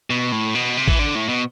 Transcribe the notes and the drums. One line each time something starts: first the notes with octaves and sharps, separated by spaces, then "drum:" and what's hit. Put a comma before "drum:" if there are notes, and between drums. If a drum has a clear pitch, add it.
B2
A2
B2
C3
E3, drum: kick A1
D3
A2
B2